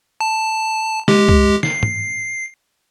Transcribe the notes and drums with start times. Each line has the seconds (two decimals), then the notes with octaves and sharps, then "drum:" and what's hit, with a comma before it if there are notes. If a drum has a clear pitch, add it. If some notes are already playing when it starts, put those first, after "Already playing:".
0.21 A5
1.08 G#3 G4, drum: snare
1.28 drum: kick C2
1.63 C7, drum: snare
1.83 drum: tom